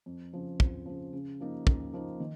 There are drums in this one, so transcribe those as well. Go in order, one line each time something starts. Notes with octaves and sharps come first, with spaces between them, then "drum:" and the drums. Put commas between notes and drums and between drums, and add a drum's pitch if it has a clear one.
F2
C#3 F3
F2, drum: kick
C#3 F3
C#3
F3 A#3 D#4
C#3, drum: kick
F3 A#3 D#4
D#3